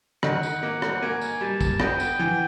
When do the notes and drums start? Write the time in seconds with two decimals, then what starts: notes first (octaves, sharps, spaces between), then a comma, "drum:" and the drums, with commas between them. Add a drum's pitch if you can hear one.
0.23 D#3 F#5, drum: rim click
0.43 drum: tambourine
0.63 A#3
0.82 drum: rim click
1.02 A#3 G#5
1.21 drum: tambourine
1.41 G3 A5
1.61 drum: kick, tambourine
1.80 B3 G5, drum: rim click
2.00 drum: tambourine
2.19 E3